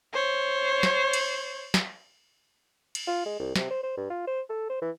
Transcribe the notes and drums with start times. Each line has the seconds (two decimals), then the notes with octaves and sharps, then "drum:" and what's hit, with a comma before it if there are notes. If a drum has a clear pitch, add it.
0.13 C5 C#5
0.83 drum: snare
1.13 drum: cymbal
1.74 drum: snare
2.95 drum: cymbal
3.07 F4
3.26 G#3
3.39 C2
3.56 C3, drum: snare
3.71 C5
3.83 C5
3.97 G2
4.10 F4
4.27 C5
4.49 A4
4.70 C5
4.82 E3